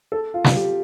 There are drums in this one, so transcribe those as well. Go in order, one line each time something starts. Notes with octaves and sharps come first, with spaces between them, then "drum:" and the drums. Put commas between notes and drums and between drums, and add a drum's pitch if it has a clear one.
A4
F4
drum: snare
G4